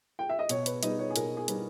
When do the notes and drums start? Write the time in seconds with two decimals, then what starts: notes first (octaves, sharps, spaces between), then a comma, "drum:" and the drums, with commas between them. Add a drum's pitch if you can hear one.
0.19 G5
0.29 E5
0.39 D#5
0.49 B2 C#5, drum: hi-hat
0.66 B4, drum: hi-hat
0.83 G3 B3 D#4 D#5, drum: hi-hat
0.99 C#5
1.10 G#4
1.16 B2 A#4, drum: hi-hat
1.37 G#4
1.48 G3 B3 D#4, drum: hi-hat